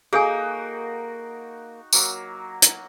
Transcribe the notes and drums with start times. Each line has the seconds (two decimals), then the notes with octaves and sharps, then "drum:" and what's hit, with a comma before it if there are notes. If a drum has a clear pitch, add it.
0.13 A#3 D#4 F#4 G#4 A4 G5 G#5
1.93 F#3 A#3, drum: tambourine
2.62 drum: hi-hat